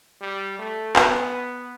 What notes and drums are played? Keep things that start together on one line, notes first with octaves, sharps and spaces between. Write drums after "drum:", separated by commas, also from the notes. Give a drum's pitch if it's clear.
G3
A3
B3, drum: clap